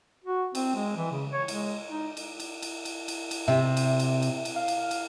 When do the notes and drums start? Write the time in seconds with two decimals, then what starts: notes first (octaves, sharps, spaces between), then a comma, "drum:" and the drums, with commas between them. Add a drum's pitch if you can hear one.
0.24 F#4
0.55 C4, drum: cymbal
0.75 G#3
0.97 E3
1.11 C#3
1.33 C#5
1.48 G#3, drum: cymbal
1.88 D#4
2.17 drum: cymbal
2.40 drum: cymbal
2.62 drum: cymbal
2.85 drum: cymbal
3.08 drum: cymbal
3.31 drum: cymbal
3.48 C3 E5
3.77 drum: cymbal
4.00 drum: cymbal
4.22 drum: cymbal
4.45 drum: cymbal
4.56 F5
4.68 drum: cymbal
4.91 drum: cymbal